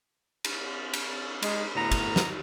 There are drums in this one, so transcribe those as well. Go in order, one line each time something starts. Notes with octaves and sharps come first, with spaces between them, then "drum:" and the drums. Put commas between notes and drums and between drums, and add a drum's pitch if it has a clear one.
drum: cymbal
drum: cymbal
G#3 D#4, drum: cymbal
D2 A2 B3 A#5
drum: kick, cymbal
drum: snare